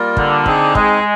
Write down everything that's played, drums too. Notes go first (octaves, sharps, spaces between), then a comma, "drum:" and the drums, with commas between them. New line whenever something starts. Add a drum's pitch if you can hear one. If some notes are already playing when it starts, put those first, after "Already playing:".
Already playing: G3 A#3 F4 A#4
D3, drum: kick
C4 D#4 G#4, drum: kick
G#3, drum: kick